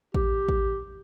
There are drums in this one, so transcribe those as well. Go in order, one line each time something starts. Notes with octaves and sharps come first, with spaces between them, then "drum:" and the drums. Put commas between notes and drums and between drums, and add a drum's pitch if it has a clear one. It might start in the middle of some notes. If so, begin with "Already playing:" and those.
G4, drum: kick A1
drum: kick A1